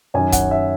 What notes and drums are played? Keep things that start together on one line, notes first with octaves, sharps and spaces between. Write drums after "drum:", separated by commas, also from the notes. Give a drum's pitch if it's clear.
F#2 D#3 F#3 G#5
F#5, drum: kick, hi-hat
E5